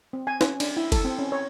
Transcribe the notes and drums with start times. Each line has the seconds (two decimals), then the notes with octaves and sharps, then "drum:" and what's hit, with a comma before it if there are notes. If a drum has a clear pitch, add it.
0.13 C4
0.27 G#5
0.41 C#4, drum: snare
0.60 D4, drum: cymbal
0.77 E4
0.92 A4, drum: kick F#1, cymbal
1.05 C4
1.19 C#4
1.32 C#5